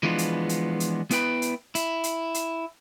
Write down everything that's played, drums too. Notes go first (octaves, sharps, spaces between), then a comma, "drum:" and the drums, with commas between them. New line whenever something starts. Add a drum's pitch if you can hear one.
E3 F3 G#3 B3 D4 F4
drum: hi-hat
drum: hi-hat
drum: hi-hat
B3 E4 B4 G5 B5, drum: hi-hat
drum: hi-hat
E4, drum: hi-hat
drum: hi-hat
drum: hi-hat